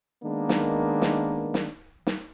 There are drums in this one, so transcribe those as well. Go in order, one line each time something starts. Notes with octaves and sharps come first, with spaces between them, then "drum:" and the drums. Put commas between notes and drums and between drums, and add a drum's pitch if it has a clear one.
D#3 G#3 A#3 B3 D4
drum: snare
drum: snare
drum: snare
drum: snare